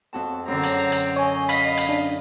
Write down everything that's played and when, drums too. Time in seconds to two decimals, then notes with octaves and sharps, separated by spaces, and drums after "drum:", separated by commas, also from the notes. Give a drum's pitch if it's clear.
0.13 F2 F#4 A5
0.48 F#2 D3 C4 A#5
0.63 drum: hi-hat
0.92 drum: hi-hat
1.16 C#5 D#5 G#5
1.49 F5 B5 B6, drum: hi-hat
1.77 drum: hi-hat
1.89 D4